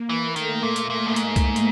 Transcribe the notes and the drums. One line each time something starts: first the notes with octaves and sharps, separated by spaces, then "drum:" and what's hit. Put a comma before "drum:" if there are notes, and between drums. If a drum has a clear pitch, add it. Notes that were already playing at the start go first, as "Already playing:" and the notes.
Already playing: A#3
E3
D#3 A3, drum: hi-hat
A#2
drum: hi-hat
A#2
A2
G#2, drum: hi-hat
drum: kick, hi-hat
drum: hi-hat